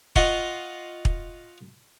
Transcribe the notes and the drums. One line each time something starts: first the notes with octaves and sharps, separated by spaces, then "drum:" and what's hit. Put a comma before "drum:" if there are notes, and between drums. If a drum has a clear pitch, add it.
F4 D#5 F#5 C6 C#6, drum: kick
drum: kick